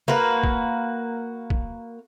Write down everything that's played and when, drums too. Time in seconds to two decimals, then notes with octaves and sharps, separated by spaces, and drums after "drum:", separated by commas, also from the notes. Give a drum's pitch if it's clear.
0.08 A#3 F#4 B4
0.44 drum: kick
1.50 drum: kick